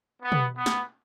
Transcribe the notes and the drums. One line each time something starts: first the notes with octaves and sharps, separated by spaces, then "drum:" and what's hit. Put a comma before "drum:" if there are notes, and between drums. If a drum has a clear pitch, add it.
B3
drum: tom
B3
drum: snare